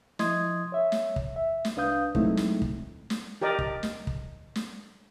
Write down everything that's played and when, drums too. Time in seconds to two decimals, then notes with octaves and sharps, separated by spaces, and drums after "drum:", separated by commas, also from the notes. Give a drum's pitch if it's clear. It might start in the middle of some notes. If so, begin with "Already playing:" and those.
0.19 F3 E4 D#5 C6 D#6 G#6, drum: snare
0.72 C#5 E5
0.92 drum: snare
1.16 drum: kick
1.36 E5
1.65 drum: snare
1.76 C2 D4 B4 F5 D#6 G6
2.15 F#3 G#3 A3 C4 D#4 E4, drum: kick
2.37 drum: snare
2.62 drum: kick
3.10 drum: snare
3.42 G4 A#4 D5 D#5
3.59 drum: kick
3.83 drum: snare
4.07 drum: kick
4.56 drum: snare